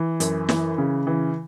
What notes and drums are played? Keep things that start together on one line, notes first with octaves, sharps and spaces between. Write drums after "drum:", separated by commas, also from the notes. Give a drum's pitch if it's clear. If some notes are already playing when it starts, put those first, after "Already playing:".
Already playing: E3
F#2, drum: hi-hat
E3, drum: snare
C#3
E3